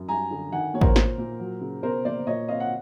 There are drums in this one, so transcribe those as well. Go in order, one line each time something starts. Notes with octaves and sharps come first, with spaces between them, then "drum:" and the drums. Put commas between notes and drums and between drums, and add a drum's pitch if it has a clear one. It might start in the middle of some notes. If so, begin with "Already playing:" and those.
Already playing: F#2
G3 G#5 A#5
D3
D#3 F#5 G#5
A#3 C#5
A#4 C5, drum: kick
A#2, drum: snare
A#2
F#3
C#3
B2 A#4 C5
A#3 C5 D5
A#2 C#5 D#5
C4 D#5 F5
F#5